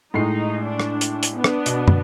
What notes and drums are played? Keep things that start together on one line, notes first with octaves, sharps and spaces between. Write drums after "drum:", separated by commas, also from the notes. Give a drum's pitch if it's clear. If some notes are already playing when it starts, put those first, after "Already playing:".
A2 G#3 D#4 C7
D4
drum: rim click
drum: hi-hat
drum: hi-hat
B3 D4
drum: rim click
B2, drum: hi-hat
drum: tom